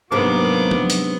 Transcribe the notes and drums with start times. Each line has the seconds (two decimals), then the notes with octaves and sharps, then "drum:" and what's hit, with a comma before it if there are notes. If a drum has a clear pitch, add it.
0.12 G#2 C3 F#3 A#3 B3 D4 D6
0.71 drum: tom F3
0.90 drum: hi-hat